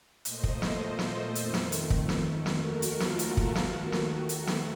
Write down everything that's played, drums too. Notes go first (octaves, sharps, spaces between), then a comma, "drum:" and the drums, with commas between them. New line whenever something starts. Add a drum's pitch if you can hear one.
A#2 A3 C5 D#5, drum: hi-hat
drum: kick
drum: snare
A4 C5
drum: snare
F2 D#3 A3, drum: hi-hat
drum: snare
drum: hi-hat
drum: kick
drum: snare
D#2 D#3 A3 F#4 A#4, drum: snare
drum: hi-hat
F4 A4, drum: snare
drum: hi-hat
drum: kick
D#2 D#3 A3 F#4, drum: snare
drum: snare
F#4
drum: hi-hat
drum: snare